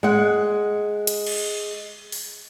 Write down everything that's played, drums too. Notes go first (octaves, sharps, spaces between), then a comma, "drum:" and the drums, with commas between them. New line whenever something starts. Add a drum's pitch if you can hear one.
G#3 F#5
drum: hi-hat
drum: cymbal
drum: open hi-hat